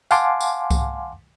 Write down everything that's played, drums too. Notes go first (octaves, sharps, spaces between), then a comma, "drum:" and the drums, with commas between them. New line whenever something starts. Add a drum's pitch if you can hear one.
F5 F#5 G#5 A5 C6 D6, drum: tambourine
drum: tambourine
drum: kick C2, tambourine